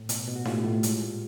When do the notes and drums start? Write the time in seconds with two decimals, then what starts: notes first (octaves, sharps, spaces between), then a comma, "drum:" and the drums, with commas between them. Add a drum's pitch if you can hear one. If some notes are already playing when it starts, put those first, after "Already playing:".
Already playing: A2
0.09 B2, drum: hi-hat
0.28 B2
0.36 F#4
0.45 A2 F4 G4, drum: snare D#4
0.64 A2
0.83 G#3, drum: hi-hat
1.02 A#2